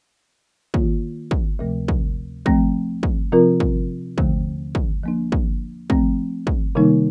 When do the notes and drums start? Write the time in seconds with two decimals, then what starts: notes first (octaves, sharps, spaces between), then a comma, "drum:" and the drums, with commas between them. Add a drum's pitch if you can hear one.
0.74 D#3 A#3 F4, drum: kick
1.31 drum: kick
1.59 D2 C3 F3 A3
1.88 drum: kick
2.46 F3 A3 C4, drum: kick
3.03 drum: kick
3.32 C3 F3 C4 F4 A#4
3.60 drum: kick
4.18 D#2 D3 F3 A3, drum: kick
4.75 drum: kick
5.03 F3 A#3 D4
5.32 drum: kick
5.90 F3 A3 C4, drum: kick
6.47 drum: kick
6.75 C3 D#3 G3 A#3 D#4